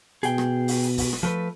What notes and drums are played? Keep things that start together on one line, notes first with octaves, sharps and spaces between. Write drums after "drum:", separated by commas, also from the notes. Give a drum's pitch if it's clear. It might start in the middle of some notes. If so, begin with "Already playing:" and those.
B2 G#4 G5, drum: hi-hat
drum: rim click
drum: open hi-hat
drum: hi-hat
drum: kick, open hi-hat
drum: rim click
F3 A3 B4